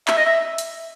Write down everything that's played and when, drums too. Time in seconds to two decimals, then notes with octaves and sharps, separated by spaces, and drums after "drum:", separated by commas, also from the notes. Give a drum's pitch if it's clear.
0.08 E5, drum: clap
0.17 D#5
0.25 E5
0.58 drum: hi-hat